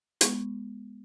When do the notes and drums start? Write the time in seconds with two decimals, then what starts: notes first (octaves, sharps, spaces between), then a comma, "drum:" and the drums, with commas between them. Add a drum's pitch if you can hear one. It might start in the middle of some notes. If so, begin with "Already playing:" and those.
0.21 G#3 B3 C#6, drum: hi-hat